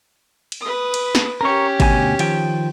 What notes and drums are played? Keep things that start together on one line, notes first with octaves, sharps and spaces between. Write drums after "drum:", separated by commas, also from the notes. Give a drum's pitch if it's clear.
drum: cymbal
B4 D#6
drum: cymbal
drum: snare
C#4 G4 A#4 C#5
D2 B2 G#5, drum: kick G#1, cymbal
D#3 F3 G5, drum: cymbal